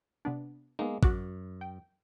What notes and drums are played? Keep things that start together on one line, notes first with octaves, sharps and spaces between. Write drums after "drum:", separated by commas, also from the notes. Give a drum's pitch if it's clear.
C3 B3 D4
G#3 A#3 B3 D#4
F#2 F#4 D6 F#6, drum: kick
G5